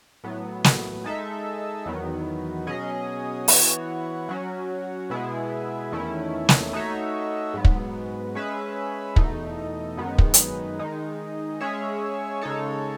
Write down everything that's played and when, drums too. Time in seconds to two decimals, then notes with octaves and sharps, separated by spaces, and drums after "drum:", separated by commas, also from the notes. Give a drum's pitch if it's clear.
0.24 A2 F#3 B3
0.64 drum: snare
1.04 G#3 D#4 A4 E5
1.85 E2 D#3 F#3 B3
2.67 B2 F#3 C#4 G#4 D#5
3.48 E3 B3 F#4 C#5, drum: open hi-hat
4.29 F#3 C#4 F#4
5.10 B2 G#3 B3 E4 G#4
5.92 E2 D#3 A3 C#4 E4
6.49 drum: snare
6.73 A3 D#4 F#4 C#5 E5
7.54 G#2 F#3 B3
7.65 drum: kick
8.35 G#3 C#4 G#4 B4 E5
9.16 E2 B2 A3 D#4, drum: kick
9.97 F#2 D#3 G#3 B3 D#4
10.18 drum: kick
10.34 drum: hi-hat
10.79 D#3 G#3 D#4
11.61 G#3 C#4 G#4 C#5 E5
12.41 C#3 G#3 D#4 A4 C#5